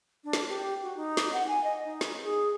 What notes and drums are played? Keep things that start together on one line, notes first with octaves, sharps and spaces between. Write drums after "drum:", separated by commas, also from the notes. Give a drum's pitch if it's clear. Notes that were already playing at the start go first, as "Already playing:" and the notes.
D4
drum: snare
G4
F#4
D#4
drum: snare
F#5
G#5
D#5
D#4
drum: snare
G#4